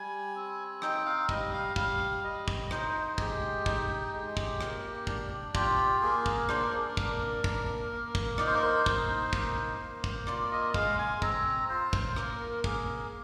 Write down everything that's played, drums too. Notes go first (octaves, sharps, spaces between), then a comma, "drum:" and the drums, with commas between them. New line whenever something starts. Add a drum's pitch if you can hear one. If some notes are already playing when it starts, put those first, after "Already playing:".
Already playing: G3 G#5
C4
D#4 G5, drum: rim click
F5
G3 D#5, drum: kick
F5
G3 F5, drum: kick
G3 D#5
drum: kick
D#4 C5, drum: rim click
G#3 G4, drum: kick
D#4, drum: kick
G#3
drum: kick
A#3, drum: rim click
D4, drum: kick
F4 G4, drum: kick
A#3 G#4
drum: kick
D4 C5, drum: rim click
A#4
G#4
A#4
A#3, drum: kick
A#3, drum: kick
A#3
drum: kick
D#4 D5, drum: rim click
C5
A#4
C5
D#4, drum: kick
A#3, drum: kick
A#3
drum: kick
F4 D5, drum: rim click
D#5
G#3 F5, drum: kick
G#5
C4 A#5, drum: kick
F4 C5
drum: kick
A#3 A#4, drum: rim click
A#3 G#4, drum: kick